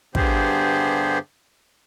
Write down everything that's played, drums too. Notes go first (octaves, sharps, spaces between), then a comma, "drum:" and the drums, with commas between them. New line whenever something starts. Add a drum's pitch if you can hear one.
G2 D3 B3 G4 G#4 C5, drum: kick